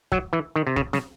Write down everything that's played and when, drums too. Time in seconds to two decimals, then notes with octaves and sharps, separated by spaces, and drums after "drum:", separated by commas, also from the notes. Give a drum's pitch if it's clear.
0.12 F#3, drum: kick
0.33 E3
0.56 D#3
0.67 C3
0.76 C#3, drum: kick
0.93 C#3, drum: snare